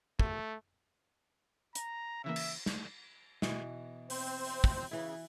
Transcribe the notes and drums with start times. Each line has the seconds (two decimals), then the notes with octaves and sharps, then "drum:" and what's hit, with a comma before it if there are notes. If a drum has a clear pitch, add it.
0.19 A3, drum: kick
1.75 A#5, drum: hi-hat
2.24 C#3 E3 A#3 E5
2.36 drum: cymbal
2.66 drum: snare
3.42 B2 E3, drum: snare
4.10 C4 C5, drum: open hi-hat
4.45 drum: open hi-hat
4.64 drum: kick
4.91 C#3 E3 E4